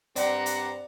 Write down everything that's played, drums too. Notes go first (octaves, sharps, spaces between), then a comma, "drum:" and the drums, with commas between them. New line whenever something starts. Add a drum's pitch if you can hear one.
G2 C4 G4 D5 F#5 A#5, drum: hi-hat
drum: hi-hat